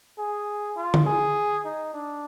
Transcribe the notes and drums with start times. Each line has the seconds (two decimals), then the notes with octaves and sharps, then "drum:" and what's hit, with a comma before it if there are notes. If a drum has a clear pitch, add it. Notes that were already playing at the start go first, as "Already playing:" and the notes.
0.18 G#4
0.77 F4
0.94 drum: tom D3
1.06 G#4
1.65 D#4
1.94 D4